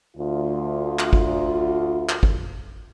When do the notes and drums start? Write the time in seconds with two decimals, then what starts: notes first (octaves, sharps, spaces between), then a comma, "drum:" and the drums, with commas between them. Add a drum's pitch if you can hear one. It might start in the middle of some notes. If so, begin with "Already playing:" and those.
0.16 D2 F4
0.99 drum: clap
1.13 drum: kick
2.09 drum: clap
2.23 drum: kick